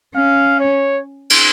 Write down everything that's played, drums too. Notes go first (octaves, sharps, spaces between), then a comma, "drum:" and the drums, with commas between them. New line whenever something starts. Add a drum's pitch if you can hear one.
C#4 F5
C#5
drum: cymbal